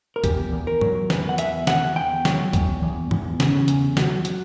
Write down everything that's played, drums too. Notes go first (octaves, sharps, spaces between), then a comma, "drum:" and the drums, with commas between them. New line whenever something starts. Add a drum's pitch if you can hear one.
A#4
E2 G4, drum: kick, hi-hat
E2
A#4
F#3, drum: tom G#2
E2 B4, drum: snare
F#5
E2 E5, drum: hi-hat
E2 F#5, drum: snare
E2 G5
F#3, drum: snare
E2, drum: kick, hi-hat
E2
E2, drum: tom G#2
C#3, drum: snare
E2, drum: hi-hat
F#3, drum: snare
F#3, drum: hi-hat